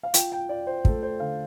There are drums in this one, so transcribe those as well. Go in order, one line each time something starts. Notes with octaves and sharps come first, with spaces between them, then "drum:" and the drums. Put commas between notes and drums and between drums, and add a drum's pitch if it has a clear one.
F5
F4 G5, drum: hi-hat
G5
F4 D5
C5
A3 A4, drum: kick
C5
D3 F5